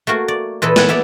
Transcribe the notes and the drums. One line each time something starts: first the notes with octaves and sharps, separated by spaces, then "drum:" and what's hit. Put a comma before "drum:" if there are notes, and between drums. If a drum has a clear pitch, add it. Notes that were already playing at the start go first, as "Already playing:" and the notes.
A3 A#3 F#4 A#4
D5
A#2 E3 A4 B4 D#5
F#5 G#5 A5, drum: snare
B3 E4 B4 D5